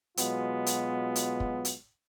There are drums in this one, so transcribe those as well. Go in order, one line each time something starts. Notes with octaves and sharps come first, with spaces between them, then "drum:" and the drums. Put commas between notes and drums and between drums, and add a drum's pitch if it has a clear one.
B2 F#3 G#3 B3 F4, drum: hi-hat
drum: hi-hat
drum: hi-hat
drum: kick
drum: hi-hat